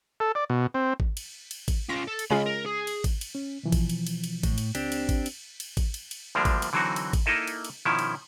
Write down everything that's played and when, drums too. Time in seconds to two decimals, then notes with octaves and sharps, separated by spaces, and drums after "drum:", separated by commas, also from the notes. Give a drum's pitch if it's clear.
0.20 A4
0.35 D5
0.50 B2
0.74 C4
1.00 drum: kick G#1
1.17 drum: cymbal
1.51 drum: cymbal
1.68 drum: kick G#1, cymbal
1.89 C#4 F4 A#6 B6 D7
2.07 A4
2.19 drum: cymbal
2.31 C#2 C#3 G#3 F4 B5
2.46 A#4
2.66 G#4
2.87 drum: cymbal
3.04 drum: kick G#1, cymbal
3.21 drum: cymbal
3.35 C#4
3.63 B2 E3 F3
3.72 drum: kick G#1, cymbal
3.89 drum: cymbal
4.07 drum: cymbal
4.24 drum: cymbal
4.43 A2, drum: kick G#1, cymbal
4.58 drum: cymbal
4.75 C#2 C4 D4 G4, drum: cymbal
4.92 drum: cymbal
5.09 drum: kick G#1, cymbal
5.26 drum: cymbal
5.60 drum: cymbal
5.77 drum: kick G#1, cymbal
5.94 drum: cymbal
6.11 drum: cymbal
6.35 D2 D3 F3 G3 A#3 D4
6.45 drum: kick G#1, cymbal
6.62 drum: cymbal
6.73 D3 E3 F#3 C4 D#4 F#4
6.96 drum: cymbal
7.13 drum: kick G#1, cymbal
7.26 A#3 D#4 E4 A4 D#5
7.47 drum: cymbal
7.65 drum: cymbal
7.85 B2 D#3 F3 C#4 E4
7.99 drum: cymbal